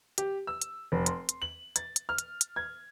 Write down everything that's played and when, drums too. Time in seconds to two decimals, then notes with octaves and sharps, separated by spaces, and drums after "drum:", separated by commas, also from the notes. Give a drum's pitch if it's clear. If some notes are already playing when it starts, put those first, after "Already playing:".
0.18 G4, drum: hi-hat
0.47 E6
0.62 drum: hi-hat
0.92 F1
1.06 C6, drum: hi-hat
1.29 drum: hi-hat
1.42 F#7
1.76 A6, drum: hi-hat
1.96 drum: hi-hat
2.09 F6
2.18 drum: hi-hat
2.41 drum: hi-hat
2.56 G#6